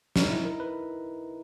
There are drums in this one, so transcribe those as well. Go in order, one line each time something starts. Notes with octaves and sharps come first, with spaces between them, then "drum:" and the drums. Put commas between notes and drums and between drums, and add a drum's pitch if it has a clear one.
D#4, drum: snare
E4
A#4
B4